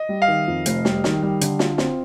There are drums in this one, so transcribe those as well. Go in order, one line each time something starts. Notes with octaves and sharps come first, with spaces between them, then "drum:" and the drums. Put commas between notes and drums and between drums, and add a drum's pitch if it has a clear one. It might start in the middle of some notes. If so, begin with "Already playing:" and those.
Already playing: D#5
G3
F5
D#3
F2
F1, drum: hi-hat
G3, drum: snare
D#3, drum: snare
G3
D3, drum: hi-hat
F4, drum: snare
C4, drum: snare